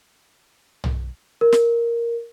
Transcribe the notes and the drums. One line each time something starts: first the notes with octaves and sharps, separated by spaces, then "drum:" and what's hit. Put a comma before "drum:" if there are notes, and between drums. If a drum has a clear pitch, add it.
drum: tom
A#4
drum: snare